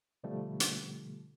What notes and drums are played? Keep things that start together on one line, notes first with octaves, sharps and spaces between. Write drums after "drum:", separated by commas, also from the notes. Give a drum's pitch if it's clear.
B2 D3 F3 G3 A3
drum: hi-hat